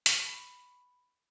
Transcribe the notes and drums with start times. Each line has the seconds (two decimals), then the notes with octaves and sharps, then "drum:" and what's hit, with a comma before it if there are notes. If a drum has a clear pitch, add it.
0.06 B5 C#6, drum: hi-hat